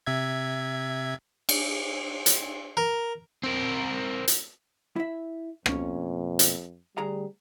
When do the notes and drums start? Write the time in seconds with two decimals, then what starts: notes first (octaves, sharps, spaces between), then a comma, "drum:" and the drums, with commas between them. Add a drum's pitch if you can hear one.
0.06 C3 E5 G#6
1.49 drum: cymbal
2.26 drum: hi-hat
2.77 A#4
3.43 C4 A#4
4.28 drum: hi-hat
4.96 E4 E5
5.66 F2 B2 A#3 C#4, drum: rim click
6.39 drum: hi-hat
6.98 D2 G3 G#4 A#5